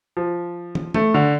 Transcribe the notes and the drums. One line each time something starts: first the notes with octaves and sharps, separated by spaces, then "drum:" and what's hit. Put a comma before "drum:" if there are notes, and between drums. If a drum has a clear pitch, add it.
F3
drum: tom
A3, drum: tom
D3